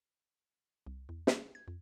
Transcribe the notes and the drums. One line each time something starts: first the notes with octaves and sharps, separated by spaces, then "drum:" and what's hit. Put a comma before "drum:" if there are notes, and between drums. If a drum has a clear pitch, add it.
C2
E2
G#4, drum: snare
G#6
F2